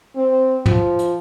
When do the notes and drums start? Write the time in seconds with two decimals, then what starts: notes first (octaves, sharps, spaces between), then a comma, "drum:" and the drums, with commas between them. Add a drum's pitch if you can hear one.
0.16 C4
0.66 F3, drum: tom
0.99 drum: hi-hat